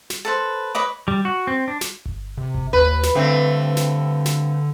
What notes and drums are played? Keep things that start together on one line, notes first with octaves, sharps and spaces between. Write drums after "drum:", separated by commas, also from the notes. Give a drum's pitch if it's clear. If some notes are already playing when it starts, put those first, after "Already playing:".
drum: snare
A4 B4 C5
B4 C#5 D#5 D6
G3
F#4
C4
D4
drum: snare
drum: kick G1
C3
drum: kick G1
D#2 B4
drum: snare
G2 D3 A3 C4
drum: snare
drum: snare